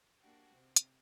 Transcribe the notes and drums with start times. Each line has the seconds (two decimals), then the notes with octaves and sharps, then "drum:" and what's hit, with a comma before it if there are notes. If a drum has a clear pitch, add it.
0.20 A#3 D4 F#4 G4
0.53 C3 C4
0.76 drum: hi-hat